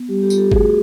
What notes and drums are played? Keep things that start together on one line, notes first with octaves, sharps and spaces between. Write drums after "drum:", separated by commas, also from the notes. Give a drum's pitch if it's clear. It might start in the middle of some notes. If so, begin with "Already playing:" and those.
Already playing: B3
G3 G4
G4 A4
F4, drum: tambourine
G4 A4
A3 F#4 G#4, drum: kick